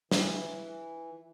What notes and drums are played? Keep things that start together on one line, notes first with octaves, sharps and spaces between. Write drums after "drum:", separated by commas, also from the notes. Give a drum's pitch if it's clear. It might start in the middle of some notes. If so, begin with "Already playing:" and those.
E3, drum: snare